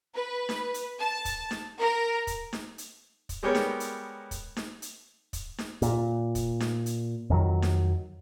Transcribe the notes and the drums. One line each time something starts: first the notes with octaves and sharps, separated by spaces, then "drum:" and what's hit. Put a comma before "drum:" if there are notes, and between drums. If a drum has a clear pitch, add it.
B4
drum: snare D#4
drum: hi-hat
A5
drum: kick, hi-hat
drum: snare D#4
A#4
drum: kick, hi-hat
drum: snare D#4
drum: hi-hat
drum: kick, hi-hat
G3 G#3 B3 G4 A#4 C#5
drum: snare D#4
drum: hi-hat
drum: kick, hi-hat
drum: snare D#4
drum: hi-hat
drum: kick, hi-hat
drum: snare D#4
A#2, drum: hi-hat
drum: kick, hi-hat
drum: snare D#4
drum: hi-hat
F2 D#3 F#3
drum: snare D#4